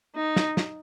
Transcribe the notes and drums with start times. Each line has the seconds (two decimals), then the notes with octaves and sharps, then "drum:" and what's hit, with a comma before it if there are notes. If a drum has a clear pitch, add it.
0.16 D#4
0.36 drum: snare
0.57 drum: snare